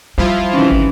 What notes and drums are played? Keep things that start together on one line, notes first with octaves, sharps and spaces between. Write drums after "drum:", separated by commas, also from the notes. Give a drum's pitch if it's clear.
F3 G3 E4 F4
C3 D#3 E3 C#4
drum: kick